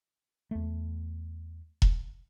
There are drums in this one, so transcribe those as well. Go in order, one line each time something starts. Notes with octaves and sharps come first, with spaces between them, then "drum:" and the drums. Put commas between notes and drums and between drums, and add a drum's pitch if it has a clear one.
E2 A3
drum: kick E1